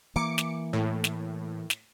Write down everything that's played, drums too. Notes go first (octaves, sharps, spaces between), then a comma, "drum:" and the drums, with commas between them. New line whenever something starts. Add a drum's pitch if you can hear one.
E3 A#3 D6 C#7
drum: snare
A2
drum: snare
drum: snare